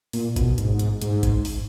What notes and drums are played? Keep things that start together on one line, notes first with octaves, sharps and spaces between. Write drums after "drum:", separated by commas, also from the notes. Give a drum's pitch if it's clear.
A#2, drum: open hi-hat
B2, drum: kick G#1, hi-hat
G#2, drum: hi-hat
drum: hi-hat
G#2, drum: hi-hat
drum: kick G#1, hi-hat
drum: open hi-hat